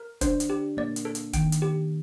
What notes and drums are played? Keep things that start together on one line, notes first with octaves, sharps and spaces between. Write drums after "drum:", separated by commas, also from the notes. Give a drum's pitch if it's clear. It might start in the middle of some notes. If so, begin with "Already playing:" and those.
Already playing: A#4
D4 C5, drum: kick, hi-hat
drum: hi-hat
G4
A#3 D5
drum: hi-hat
A4
drum: hi-hat
D#3 G5, drum: kick, hi-hat
drum: hi-hat
G4